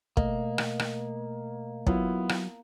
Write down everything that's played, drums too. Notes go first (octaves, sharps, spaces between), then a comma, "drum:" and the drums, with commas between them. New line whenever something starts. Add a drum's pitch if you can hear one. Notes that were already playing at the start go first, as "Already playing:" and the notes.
B2 A3 A#3 D#5, drum: kick
drum: rim click
drum: rim click
F#3 B3 E4 F4, drum: kick
drum: rim click